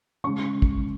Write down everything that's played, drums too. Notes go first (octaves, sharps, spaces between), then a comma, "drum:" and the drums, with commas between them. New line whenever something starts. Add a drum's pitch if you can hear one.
C#3 G#3 C#4 C#6
drum: kick